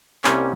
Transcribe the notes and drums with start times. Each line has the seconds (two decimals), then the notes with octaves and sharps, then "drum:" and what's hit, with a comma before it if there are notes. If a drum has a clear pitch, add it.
0.24 C2 C3 G3 A#3 C#4, drum: clap